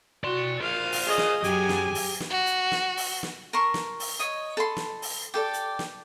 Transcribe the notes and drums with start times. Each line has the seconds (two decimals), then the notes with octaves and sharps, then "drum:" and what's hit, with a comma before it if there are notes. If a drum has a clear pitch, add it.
0.24 F#4 D5 C6
0.61 F4 A#4 C5 F5
0.92 drum: open hi-hat
1.06 G#4 D#5
1.18 drum: snare
1.44 F#2 G4 G#4 G#5, drum: hi-hat
1.69 drum: snare
1.95 drum: open hi-hat
2.20 drum: snare
2.30 F#4
2.46 drum: hi-hat
2.72 drum: snare
2.97 drum: open hi-hat
3.23 drum: snare
3.53 A#4 A5 C6 C#6
3.74 drum: snare
4.00 drum: open hi-hat
4.19 C#5 D#5 D#6
4.57 A4 B5 C6
4.77 drum: snare
5.02 drum: open hi-hat
5.34 G4 A4 D5
5.53 drum: hi-hat
5.79 drum: snare